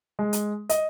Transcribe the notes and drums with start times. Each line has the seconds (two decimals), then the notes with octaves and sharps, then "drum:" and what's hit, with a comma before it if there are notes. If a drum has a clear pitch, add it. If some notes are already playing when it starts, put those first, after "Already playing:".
0.19 G#3
0.33 drum: hi-hat
0.69 D#5, drum: hi-hat